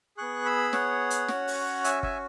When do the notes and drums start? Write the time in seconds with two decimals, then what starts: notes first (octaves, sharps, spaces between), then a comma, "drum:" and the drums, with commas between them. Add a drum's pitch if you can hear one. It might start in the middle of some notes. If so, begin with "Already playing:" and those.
0.17 B3 G#4 C#6 F#6
0.45 B5 E6
0.73 C#5 F#5, drum: snare
1.10 drum: hi-hat
1.28 C#4 F#4, drum: snare
1.48 drum: open hi-hat
1.84 E5 G#5, drum: hi-hat
2.03 E5 G#5, drum: kick G1